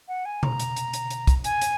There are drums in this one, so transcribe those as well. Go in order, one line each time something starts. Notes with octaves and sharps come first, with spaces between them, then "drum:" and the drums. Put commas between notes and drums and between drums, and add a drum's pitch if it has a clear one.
F#5
G#5
A#5, drum: tom B2
drum: hi-hat
drum: hi-hat
drum: hi-hat
drum: hi-hat
drum: kick, hi-hat
G#5, drum: hi-hat
drum: hi-hat